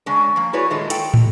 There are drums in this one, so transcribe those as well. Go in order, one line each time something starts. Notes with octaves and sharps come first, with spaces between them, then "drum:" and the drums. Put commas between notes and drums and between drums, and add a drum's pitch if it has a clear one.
C#3 G#3 C#4 D4
F3 A#3
E4 F#4 G#4 B4 C#5 D5
A#2 D#3 G#3 A3 D#4
A4 G5, drum: hi-hat
drum: tom